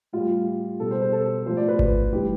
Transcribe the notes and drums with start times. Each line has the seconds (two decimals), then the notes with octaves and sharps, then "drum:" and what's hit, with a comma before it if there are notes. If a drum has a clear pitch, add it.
0.13 A2 G3 F4
0.80 B2 G3 A4
0.91 C5
1.01 C5
1.12 A4
1.46 A2 F3 C5
1.57 D5
1.68 B4
1.79 drum: kick G#1
2.12 A2 E3 G3 G4